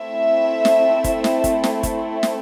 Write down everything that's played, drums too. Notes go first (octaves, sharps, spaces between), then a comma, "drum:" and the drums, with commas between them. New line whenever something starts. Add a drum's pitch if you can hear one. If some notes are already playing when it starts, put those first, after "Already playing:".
Already playing: A3 C4 E4 E5
drum: snare
drum: kick, hi-hat
drum: snare
drum: kick, hi-hat
drum: snare
drum: kick, hi-hat
drum: snare